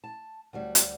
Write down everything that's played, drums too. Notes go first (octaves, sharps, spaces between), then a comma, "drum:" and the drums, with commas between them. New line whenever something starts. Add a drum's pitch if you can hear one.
A5
D2 F#3 G3
drum: hi-hat